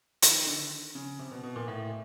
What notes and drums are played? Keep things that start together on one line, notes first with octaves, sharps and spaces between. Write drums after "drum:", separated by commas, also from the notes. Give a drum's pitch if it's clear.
D#3, drum: hi-hat
D3
C#3
C3
B2
B2
A#2
A2